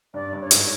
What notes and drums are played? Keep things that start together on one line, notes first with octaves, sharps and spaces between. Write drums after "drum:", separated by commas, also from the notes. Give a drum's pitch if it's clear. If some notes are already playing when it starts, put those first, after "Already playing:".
G2 D5
G2
C#5
G#2, drum: hi-hat